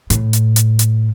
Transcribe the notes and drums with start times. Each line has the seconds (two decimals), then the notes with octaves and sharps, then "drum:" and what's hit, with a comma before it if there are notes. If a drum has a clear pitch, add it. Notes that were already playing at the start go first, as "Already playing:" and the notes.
0.10 A2, drum: hi-hat
0.33 drum: hi-hat
0.56 drum: hi-hat
0.79 drum: hi-hat